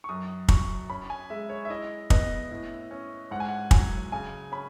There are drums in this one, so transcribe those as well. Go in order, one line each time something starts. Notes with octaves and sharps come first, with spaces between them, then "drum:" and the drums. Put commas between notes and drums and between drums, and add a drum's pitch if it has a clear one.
C#6
F#2 D#6
F#3 C#6, drum: kick
C#4 B5
G#5
G#3 E5
C#5
E5
E4 D#5
B3 D#5, drum: kick
A2
C#4
G#2 F#5
G#5
F#5
F#3 G#5, drum: kick
C#3 G#5
C#4 B5